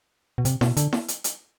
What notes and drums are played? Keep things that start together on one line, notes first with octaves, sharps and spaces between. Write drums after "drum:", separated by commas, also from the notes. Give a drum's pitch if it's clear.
B2
C3, drum: hi-hat
B2, drum: snare E4
D3, drum: hi-hat
drum: snare E4
drum: hi-hat
drum: hi-hat